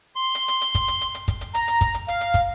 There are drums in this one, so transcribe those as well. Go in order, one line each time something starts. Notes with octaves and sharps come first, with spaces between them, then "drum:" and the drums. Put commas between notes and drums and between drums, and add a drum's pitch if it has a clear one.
C6
drum: hi-hat
drum: hi-hat
drum: hi-hat
drum: kick, hi-hat
drum: hi-hat
drum: hi-hat
drum: hi-hat
drum: kick, hi-hat
drum: hi-hat
A#5, drum: hi-hat
drum: hi-hat
drum: kick, hi-hat
drum: hi-hat
F5, drum: hi-hat
drum: hi-hat
drum: kick, hi-hat